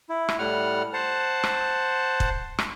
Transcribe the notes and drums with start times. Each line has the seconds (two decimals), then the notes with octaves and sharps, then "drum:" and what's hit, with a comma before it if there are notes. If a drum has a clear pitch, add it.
0.09 E4
0.29 drum: rim click
0.39 A2 G3 F#5 F6
0.93 C5 F#5 A5
1.43 drum: rim click
2.20 drum: kick
2.58 drum: rim click